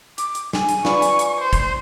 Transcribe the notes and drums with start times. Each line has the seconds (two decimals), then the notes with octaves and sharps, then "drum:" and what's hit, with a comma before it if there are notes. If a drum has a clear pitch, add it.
0.18 D6, drum: hi-hat
0.35 drum: hi-hat
0.53 G#5, drum: snare
0.69 drum: hi-hat
0.85 F4 B4 D5 C#6, drum: snare
1.02 drum: hi-hat
1.19 drum: hi-hat
1.41 C5
1.53 drum: kick, hi-hat